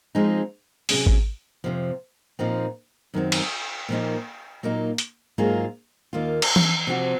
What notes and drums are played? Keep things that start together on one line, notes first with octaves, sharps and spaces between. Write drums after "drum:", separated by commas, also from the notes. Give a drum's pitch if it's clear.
F3 G#3 C4 D#4 G#4
C3 F#3 C#4 G#4, drum: open hi-hat
drum: kick G#1
F2 C3 F3
A#2 F3 C4 D#4
F#2 D#3 F#3 C4
drum: cymbal
A#2 F3 A#3 D#4
A#2 F#3 A#3 D#4
drum: hi-hat
G#2 F#3 A#3 F4 G#4
D#2 D#3 A#3 F4
drum: cymbal
drum: tom E3
C3 F3 C4 F#4